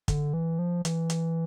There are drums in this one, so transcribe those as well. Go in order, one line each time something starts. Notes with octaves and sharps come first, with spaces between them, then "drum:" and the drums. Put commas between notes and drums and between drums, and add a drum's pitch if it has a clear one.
D3, drum: kick, hi-hat
E3
F3
E3, drum: hi-hat
drum: hi-hat